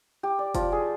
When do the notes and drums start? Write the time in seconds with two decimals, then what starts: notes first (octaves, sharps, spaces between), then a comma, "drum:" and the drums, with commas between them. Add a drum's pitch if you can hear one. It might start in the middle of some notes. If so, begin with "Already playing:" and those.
0.23 G4
0.39 D5
0.55 F3, drum: kick, hi-hat
0.72 G#4